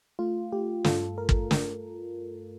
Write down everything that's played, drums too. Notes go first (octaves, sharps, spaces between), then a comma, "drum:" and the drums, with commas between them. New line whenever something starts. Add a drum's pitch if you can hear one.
A3 F4
A3 G4
G2 F4 A4, drum: snare
A#4
drum: kick
drum: snare